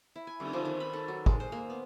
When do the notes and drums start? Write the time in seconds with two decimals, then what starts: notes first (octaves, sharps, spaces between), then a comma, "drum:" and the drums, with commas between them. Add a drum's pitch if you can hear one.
0.16 E4
0.27 G#5
0.40 D3, drum: cymbal
0.53 F3
0.65 D#3
0.80 B5
0.93 A4
1.08 F#3
1.26 G#3, drum: kick
1.40 C5
1.52 A#3
1.70 B3